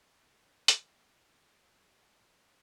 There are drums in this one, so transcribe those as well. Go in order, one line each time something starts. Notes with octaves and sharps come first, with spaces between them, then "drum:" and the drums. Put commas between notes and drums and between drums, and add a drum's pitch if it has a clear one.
D3 G3 C4 C#5
drum: hi-hat
A3 A#3 D#5
G3 D4 F4 G#4
D#5 G#5 A#5 C#6
F#3